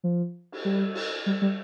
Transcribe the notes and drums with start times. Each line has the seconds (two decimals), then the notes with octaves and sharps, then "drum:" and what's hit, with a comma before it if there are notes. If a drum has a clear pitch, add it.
0.04 F3
0.52 drum: cymbal
0.65 G3
0.95 drum: cymbal
1.26 G3
1.42 G3